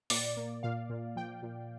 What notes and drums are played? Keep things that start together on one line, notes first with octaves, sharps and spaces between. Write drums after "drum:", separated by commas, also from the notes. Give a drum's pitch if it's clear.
A#2 D5, drum: open hi-hat
A#3
A#2 F5
A#2
F3 G5
A#2